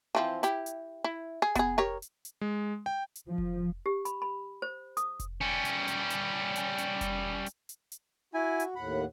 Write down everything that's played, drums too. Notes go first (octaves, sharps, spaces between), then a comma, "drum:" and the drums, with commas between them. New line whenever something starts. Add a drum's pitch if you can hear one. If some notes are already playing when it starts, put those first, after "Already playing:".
E3 F3 C4
E4 G4, drum: hi-hat
drum: hi-hat
E4
G#4
B3 G#4, drum: kick F1, hi-hat
G4 A#4 C#5
drum: hi-hat
drum: hi-hat
G#3
G5
drum: hi-hat
F3
drum: kick F1
G4
B5, drum: hi-hat
B5
C5
D#6, drum: hi-hat
drum: kick F1, hi-hat
G3 C#4
drum: hi-hat
drum: hi-hat
drum: hi-hat
drum: hi-hat
drum: hi-hat
drum: kick F1, hi-hat
drum: hi-hat
drum: hi-hat
drum: hi-hat
E4 F#4 G#5
drum: hi-hat
D#2 A2 F#5 B5